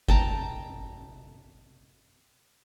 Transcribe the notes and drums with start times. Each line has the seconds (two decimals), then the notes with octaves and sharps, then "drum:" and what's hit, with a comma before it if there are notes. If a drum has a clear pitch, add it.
0.09 G5 A5 A#5, drum: kick G1